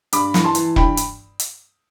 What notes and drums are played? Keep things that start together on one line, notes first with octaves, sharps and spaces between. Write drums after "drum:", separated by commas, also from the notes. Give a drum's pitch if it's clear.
G2 B5 D6, drum: hi-hat
E3, drum: snare
A5 C6
E3, drum: hi-hat
G2 G5 B5, drum: kick E1
drum: hi-hat
drum: hi-hat